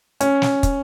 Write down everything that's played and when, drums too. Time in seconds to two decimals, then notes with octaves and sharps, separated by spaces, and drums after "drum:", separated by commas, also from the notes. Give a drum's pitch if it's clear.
0.21 C#4, drum: hi-hat
0.42 drum: snare
0.63 drum: kick, hi-hat